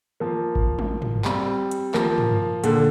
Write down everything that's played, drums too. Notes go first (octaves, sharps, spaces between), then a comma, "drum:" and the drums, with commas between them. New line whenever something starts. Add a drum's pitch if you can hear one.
F3 A#3
drum: kick G#1
drum: tom
drum: tom
G3 C4, drum: clap
drum: hi-hat
F3 A#3, drum: clap
drum: tom
A#2 D3, drum: hi-hat